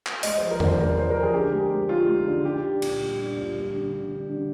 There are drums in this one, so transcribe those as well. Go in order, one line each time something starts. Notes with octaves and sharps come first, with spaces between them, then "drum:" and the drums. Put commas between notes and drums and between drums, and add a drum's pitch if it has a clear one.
drum: clap
G#3 D#5, drum: open hi-hat
F3 C5
A#4
F3 D5, drum: tom E2
C5
G#3 A#4
F3 C5
F3 A#4
G#4
D3 G4
G#3
G#3
D#4 F4
G#3
D3
D4 G4
D4
A#2, drum: cymbal
G3
D4
A#2
G3
D3
D3
G3
D3